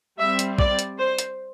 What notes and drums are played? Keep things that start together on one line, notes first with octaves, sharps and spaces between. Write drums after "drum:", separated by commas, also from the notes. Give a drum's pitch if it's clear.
G3 C4 E5
drum: hi-hat
D5, drum: kick
drum: hi-hat
C5
drum: hi-hat